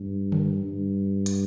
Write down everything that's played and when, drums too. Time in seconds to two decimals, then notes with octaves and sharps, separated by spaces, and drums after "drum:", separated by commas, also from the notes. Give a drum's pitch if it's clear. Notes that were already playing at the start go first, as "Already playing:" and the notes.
Already playing: G2
0.32 drum: tom D3
0.64 G2
1.26 drum: hi-hat